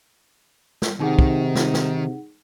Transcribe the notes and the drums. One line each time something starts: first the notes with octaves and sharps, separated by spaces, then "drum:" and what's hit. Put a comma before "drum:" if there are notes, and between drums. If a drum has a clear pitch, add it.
drum: snare
C3 D#3 D#4 G#4 F#5
drum: kick
drum: snare
drum: snare